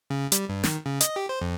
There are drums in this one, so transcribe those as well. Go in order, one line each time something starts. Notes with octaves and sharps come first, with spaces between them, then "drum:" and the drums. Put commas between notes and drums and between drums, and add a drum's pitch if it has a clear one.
C#3
G3, drum: hi-hat
G2
D#3, drum: snare
C#3
D#5, drum: hi-hat
G4
C5
F2